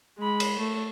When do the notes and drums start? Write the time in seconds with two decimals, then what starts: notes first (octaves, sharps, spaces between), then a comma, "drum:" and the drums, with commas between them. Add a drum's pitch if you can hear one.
0.18 G#3 B5
0.40 drum: cymbal
0.59 A3